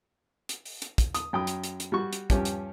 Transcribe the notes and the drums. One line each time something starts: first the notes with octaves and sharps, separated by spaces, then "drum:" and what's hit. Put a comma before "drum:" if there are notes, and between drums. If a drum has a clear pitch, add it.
drum: hi-hat
drum: open hi-hat
drum: hi-hat
drum: kick, hi-hat
D#6, drum: hi-hat
F#2 G5 B5 D#6
drum: hi-hat
drum: hi-hat
drum: hi-hat
G3 F#4 C#6
drum: hi-hat
G2 F3 C#4 G4, drum: kick, hi-hat
drum: hi-hat